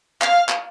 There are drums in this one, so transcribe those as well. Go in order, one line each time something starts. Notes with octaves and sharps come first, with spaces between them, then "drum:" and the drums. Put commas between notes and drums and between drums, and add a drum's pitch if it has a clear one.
F5, drum: clap
drum: clap